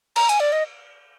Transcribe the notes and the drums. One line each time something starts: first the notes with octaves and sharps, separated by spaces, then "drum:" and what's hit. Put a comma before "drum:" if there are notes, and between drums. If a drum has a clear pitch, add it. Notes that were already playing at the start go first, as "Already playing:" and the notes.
A#5, drum: cymbal
G#5, drum: hi-hat
D5
D#5